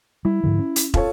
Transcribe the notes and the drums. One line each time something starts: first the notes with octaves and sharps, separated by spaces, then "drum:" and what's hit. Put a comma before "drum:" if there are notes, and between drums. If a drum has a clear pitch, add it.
G3 E4
G#2 D3 F3
C#4
drum: hi-hat
F4 A4 C#5, drum: kick